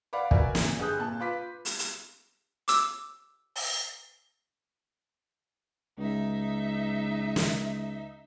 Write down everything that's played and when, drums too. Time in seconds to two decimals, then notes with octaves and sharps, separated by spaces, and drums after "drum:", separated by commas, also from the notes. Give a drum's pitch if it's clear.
0.13 D5 F5 F#5 B5 D6
0.31 F#4 A#4 B4 D5 E5 G#5, drum: kick
0.55 F#2 A#2, drum: snare
0.80 G1 G3 G#4 D#6 F#6 G6
1.00 A#2 A5
1.20 F4 B4 D6 B6
1.65 drum: hi-hat
1.79 drum: hi-hat
2.68 D6 E6, drum: hi-hat
3.56 drum: open hi-hat
5.98 C#2 D#4 E5
7.36 drum: snare